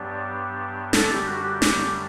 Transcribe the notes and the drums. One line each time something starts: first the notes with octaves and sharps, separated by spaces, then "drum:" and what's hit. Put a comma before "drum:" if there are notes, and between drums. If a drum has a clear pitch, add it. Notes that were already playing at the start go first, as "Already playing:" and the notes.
Already playing: G2 F#3 B3 D4 G4 D5
F#2 D3 G3 D4 A4, drum: snare
G4
F#4
G4
drum: snare